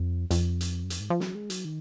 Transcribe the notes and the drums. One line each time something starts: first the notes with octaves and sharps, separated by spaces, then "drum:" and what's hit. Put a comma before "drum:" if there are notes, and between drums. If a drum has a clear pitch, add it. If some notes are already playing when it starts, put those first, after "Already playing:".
Already playing: F2
F2, drum: hi-hat
drum: hi-hat
F#2
F2, drum: hi-hat
G#2
F3
F#3, drum: snare
G#3
F#3, drum: hi-hat
D#3